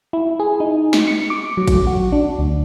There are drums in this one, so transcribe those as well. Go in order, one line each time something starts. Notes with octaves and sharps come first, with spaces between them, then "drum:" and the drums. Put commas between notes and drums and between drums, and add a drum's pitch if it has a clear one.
E4
G#4
D#4
drum: snare
C#7
D6
F#3
drum: kick, cymbal
F#4
D4
D2